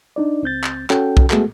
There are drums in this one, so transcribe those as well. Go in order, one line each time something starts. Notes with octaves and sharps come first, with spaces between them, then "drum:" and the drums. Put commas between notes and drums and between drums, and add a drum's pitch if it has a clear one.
D4 D#4 D5
C#2 C4 G6 A6
drum: clap
C#4 F#4 A4 G5, drum: clap
drum: kick
G#3 A3 B3 F#4 G#4 A4, drum: clap